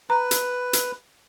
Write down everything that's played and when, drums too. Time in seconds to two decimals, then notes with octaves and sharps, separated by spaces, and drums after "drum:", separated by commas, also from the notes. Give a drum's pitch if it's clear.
0.10 B4 A#5
0.31 drum: hi-hat
0.73 drum: hi-hat